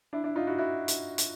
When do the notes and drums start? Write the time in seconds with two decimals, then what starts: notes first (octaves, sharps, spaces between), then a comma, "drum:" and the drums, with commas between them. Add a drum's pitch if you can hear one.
0.13 D4 E4
0.24 D4 E4
0.36 D#4 F4
0.47 E4 F#4
0.58 E4 F#4
0.88 drum: hi-hat
1.18 drum: hi-hat